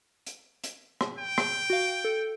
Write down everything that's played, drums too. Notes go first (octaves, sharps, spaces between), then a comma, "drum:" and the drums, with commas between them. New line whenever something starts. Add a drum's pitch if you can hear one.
drum: hi-hat
drum: hi-hat
drum: rim click
G5
drum: rim click
F#4 F5
A4